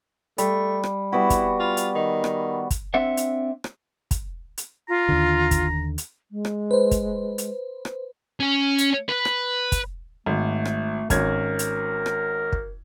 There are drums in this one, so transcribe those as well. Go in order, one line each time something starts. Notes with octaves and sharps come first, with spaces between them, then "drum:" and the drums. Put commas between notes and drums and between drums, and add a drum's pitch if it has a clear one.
G3 A3, drum: hi-hat
drum: rim click
G3 B3 E4 F#4
drum: kick, hi-hat
F4
drum: hi-hat
D#3
drum: rim click
drum: kick, hi-hat
C4 D4 C5 E5 F#5
drum: hi-hat
drum: rim click
drum: kick, hi-hat
drum: hi-hat
F4 A#5
D#2 D3
drum: kick, hi-hat
drum: hi-hat
G#3
drum: rim click
B4 C5
drum: kick, hi-hat
drum: hi-hat
drum: rim click
C#4
drum: hi-hat
B4
drum: rim click
drum: kick, hi-hat
G#1 A3
drum: rim click
G#1 C#4 A#4 G#6, drum: kick, hi-hat
drum: hi-hat
drum: rim click
drum: kick